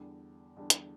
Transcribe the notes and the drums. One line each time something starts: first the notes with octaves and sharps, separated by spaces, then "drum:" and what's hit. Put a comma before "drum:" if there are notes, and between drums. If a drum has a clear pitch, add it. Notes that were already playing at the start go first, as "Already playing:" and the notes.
Already playing: E2 D3 G3 D4
E2 D3 G3 D4
drum: hi-hat